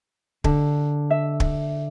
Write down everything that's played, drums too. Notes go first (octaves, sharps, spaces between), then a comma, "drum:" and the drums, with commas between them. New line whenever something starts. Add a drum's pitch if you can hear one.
D3, drum: kick
E5
drum: kick